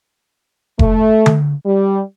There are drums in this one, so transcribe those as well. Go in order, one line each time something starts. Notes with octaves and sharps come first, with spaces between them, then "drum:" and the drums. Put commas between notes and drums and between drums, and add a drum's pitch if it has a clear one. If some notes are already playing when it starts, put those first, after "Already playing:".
A3, drum: kick F1
drum: tom D3
G3